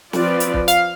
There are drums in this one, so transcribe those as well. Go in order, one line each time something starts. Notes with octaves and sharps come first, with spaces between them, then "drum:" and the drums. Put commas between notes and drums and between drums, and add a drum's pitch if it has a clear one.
F3 C4 F4 B4 D5, drum: snare
drum: hi-hat
drum: kick
F5, drum: hi-hat